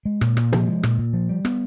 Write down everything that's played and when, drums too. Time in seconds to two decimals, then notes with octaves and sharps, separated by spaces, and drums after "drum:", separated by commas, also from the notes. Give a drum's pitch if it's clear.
0.05 G#3
0.21 A#2, drum: rim click
0.37 A#2, drum: rim click
0.53 F3, drum: tom
0.67 G#3
0.83 A#2, drum: rim click
0.98 A#2
1.13 F3
1.29 G3
1.45 B3, drum: rim click